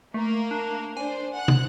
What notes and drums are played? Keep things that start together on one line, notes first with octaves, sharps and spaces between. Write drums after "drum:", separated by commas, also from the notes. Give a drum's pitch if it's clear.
A3 A#3 A#4
D4
D4 C5 G#5
F#5 F#6
drum: tom